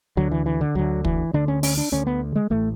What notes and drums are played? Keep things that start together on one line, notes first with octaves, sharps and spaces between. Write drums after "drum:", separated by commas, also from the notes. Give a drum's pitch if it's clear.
D2 D3 F#3
E3
E3
D3
D2 D3 F#3
E3, drum: kick
D2 D3 D4
C#4
C#4, drum: open hi-hat
D4
D2 D3 C#4
B3
G#3
A1 A2 A3